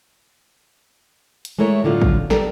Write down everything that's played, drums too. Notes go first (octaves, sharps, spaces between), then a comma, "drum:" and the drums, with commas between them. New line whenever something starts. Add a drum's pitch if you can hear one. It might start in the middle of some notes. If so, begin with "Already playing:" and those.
drum: hi-hat
G#3 A3 E4 A#4 C#5
A2 D3 F#3 F4
drum: kick
G3 B3 A4 A#4, drum: snare